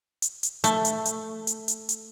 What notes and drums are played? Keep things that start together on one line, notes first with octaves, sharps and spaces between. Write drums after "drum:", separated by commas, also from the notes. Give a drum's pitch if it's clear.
drum: hi-hat
drum: hi-hat
A3, drum: hi-hat
drum: hi-hat
drum: hi-hat
drum: hi-hat
drum: hi-hat
drum: hi-hat